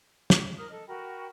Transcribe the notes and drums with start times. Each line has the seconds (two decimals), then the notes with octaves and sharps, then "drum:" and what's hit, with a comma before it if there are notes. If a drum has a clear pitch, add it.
0.30 drum: snare
0.57 A#4 D#6 F6
0.70 A4 D#5
0.87 F#4 A#4 G5 B5